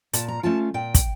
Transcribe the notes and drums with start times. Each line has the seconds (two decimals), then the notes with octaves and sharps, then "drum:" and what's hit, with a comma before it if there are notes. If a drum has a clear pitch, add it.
0.13 A#2 A5, drum: hi-hat
0.28 A#5
0.43 A3 C#4 F4 A5
0.74 A#2 G5
0.95 drum: kick, hi-hat